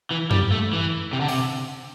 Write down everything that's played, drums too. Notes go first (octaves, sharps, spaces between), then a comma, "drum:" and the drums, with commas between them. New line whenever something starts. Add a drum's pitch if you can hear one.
E3
G3, drum: tom F#2
A3
E3
C3
D3
C3, drum: open hi-hat